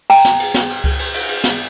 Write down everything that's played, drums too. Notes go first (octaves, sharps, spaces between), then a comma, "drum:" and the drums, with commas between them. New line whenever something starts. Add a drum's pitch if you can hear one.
G5 A#5, drum: cymbal
drum: snare
drum: cymbal
drum: snare
drum: cymbal
drum: kick C#2, cymbal
drum: cymbal
drum: cymbal
drum: cymbal
drum: snare